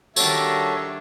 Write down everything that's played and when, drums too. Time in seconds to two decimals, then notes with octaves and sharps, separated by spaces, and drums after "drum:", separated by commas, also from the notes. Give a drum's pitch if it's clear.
0.16 D#3 G3 D4 F#4 A4 C#5 E5, drum: tambourine